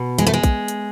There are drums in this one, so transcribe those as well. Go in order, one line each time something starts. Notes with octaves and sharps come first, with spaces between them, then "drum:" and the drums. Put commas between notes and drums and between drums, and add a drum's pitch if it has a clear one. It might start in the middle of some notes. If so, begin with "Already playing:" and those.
Already playing: B2
G#3, drum: hi-hat
A3
G#3
drum: kick A#1, hi-hat
drum: hi-hat